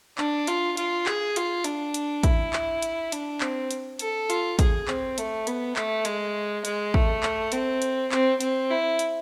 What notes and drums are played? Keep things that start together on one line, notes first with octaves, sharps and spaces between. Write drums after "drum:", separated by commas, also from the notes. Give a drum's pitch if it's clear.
D4, drum: clap
F4, drum: hi-hat
F4, drum: hi-hat
G#4, drum: clap
F4, drum: hi-hat
D4, drum: hi-hat
drum: hi-hat
E4, drum: kick, hi-hat
drum: clap
drum: hi-hat
D4, drum: hi-hat
C4, drum: clap
drum: hi-hat
A4, drum: hi-hat
F4, drum: hi-hat
G#4, drum: kick, hi-hat
C4, drum: clap
A3, drum: hi-hat
B3, drum: hi-hat
A3, drum: clap
G#3, drum: hi-hat
G#3, drum: hi-hat
A3, drum: kick
drum: clap
C4, drum: hi-hat
drum: hi-hat
C4, drum: clap
C4, drum: hi-hat
E4
drum: hi-hat